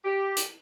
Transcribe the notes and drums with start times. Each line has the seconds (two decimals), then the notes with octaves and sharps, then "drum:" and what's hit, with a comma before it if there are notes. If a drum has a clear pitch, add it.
0.05 G4
0.37 drum: hi-hat